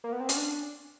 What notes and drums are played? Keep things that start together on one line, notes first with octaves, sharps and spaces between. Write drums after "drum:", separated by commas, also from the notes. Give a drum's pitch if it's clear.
A#3
B3
C4
C#4, drum: hi-hat
D4